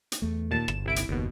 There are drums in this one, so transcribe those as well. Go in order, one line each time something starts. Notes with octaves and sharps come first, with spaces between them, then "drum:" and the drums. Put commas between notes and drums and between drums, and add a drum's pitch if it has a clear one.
drum: hi-hat
E2 A3
D#2 A#2 A5
G1 E7, drum: rim click
C2 E4 D7
drum: hi-hat
F#1 D#2 B2